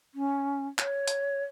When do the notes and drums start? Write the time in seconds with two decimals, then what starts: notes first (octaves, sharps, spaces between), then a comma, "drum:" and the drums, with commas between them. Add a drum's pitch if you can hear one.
0.15 C#4
0.78 C#5, drum: clap
1.08 drum: hi-hat